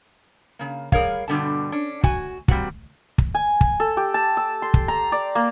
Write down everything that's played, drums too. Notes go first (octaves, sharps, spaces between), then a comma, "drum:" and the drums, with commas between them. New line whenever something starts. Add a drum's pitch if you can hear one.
C#3 A#3
G3 G#4 A#4 C#5 F5, drum: kick
G2 B2 D3 G3 A4 A5
C#4 D4
F#4 G#5, drum: kick
A#2 G3 C4 F#4, drum: kick
drum: kick
G#5
drum: kick
A4
G4
A5
E6
C6
drum: kick
A#5
D5
A#3